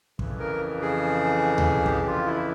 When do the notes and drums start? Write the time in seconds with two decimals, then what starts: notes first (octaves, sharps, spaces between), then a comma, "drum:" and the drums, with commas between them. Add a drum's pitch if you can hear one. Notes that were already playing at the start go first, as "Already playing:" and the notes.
0.19 F2 C#3 E3, drum: kick
0.39 A#4
0.82 G#4
1.58 drum: tom D2
1.86 G4, drum: kick
2.07 F4
2.27 E4